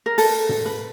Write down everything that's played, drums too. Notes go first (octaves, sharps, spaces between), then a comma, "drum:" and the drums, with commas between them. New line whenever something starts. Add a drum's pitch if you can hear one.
A#4
A4, drum: open hi-hat
drum: tom
B4